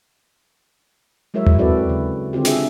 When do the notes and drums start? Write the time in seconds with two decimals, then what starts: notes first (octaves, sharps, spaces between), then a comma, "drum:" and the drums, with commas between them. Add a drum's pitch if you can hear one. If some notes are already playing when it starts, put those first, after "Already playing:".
1.34 F#3 G#3 E4 A#4 C#5 E5
1.46 drum: tom D#2
1.59 C4 E4 F#4 A4 B4 D5
1.89 C#3
2.33 D3 C4 F4 G4
2.45 D4 G#4 E5, drum: snare